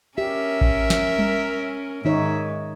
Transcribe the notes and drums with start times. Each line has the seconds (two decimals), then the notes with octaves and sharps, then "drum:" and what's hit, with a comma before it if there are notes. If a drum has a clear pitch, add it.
0.18 C#4 G4 A#4 E5
0.61 drum: kick A1
0.90 drum: snare
1.19 drum: tom G3
2.05 G#2 D#3 D#4 C#5 E5